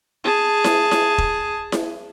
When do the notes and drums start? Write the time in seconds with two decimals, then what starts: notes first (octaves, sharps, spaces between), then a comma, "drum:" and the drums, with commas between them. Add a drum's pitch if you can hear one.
0.24 G#4 A5
0.64 drum: snare E4
0.91 drum: snare E4
1.18 drum: kick E1
1.72 drum: snare E4